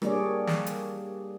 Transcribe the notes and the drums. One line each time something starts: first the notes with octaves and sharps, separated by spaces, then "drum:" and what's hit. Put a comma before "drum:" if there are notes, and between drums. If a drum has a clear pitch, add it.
G3 A#3 D4 G#4 C#5 D5, drum: rim click
drum: snare
drum: hi-hat